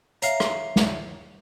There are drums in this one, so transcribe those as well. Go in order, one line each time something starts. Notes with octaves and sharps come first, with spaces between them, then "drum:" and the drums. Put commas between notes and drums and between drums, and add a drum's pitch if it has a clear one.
C#5 E5 F5 A#5, drum: hi-hat
drum: rim click
drum: snare